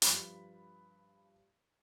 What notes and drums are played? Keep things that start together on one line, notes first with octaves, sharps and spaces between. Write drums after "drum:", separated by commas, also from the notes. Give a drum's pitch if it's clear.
G2 F3 B5 F#6, drum: hi-hat